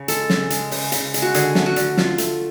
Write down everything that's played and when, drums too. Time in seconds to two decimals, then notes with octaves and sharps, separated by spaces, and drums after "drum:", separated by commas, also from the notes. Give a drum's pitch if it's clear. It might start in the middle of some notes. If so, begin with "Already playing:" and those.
Already playing: C#3
0.08 G#3 A4, drum: hi-hat
0.30 C#3, drum: snare
0.50 G#3, drum: hi-hat
0.72 C#3, drum: open hi-hat
0.92 C#3, drum: hi-hat
1.14 G#3, drum: hi-hat
1.22 F#4
1.34 D3 G#4, drum: hi-hat
1.55 A3, drum: snare
1.66 F#4
1.76 D3, drum: hi-hat
1.97 A3 F4, drum: snare
2.18 A3, drum: hi-hat